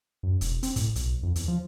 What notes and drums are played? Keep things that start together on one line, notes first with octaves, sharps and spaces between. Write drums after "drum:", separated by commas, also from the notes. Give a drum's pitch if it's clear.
F#2
E1, drum: hi-hat
C4, drum: hi-hat
A2, drum: kick, hi-hat
B1, drum: hi-hat
F2
E2, drum: hi-hat
F3